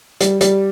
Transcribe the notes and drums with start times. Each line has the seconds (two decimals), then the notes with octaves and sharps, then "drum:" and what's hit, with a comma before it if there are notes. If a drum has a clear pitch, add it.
0.21 G3, drum: hi-hat
0.41 G3, drum: hi-hat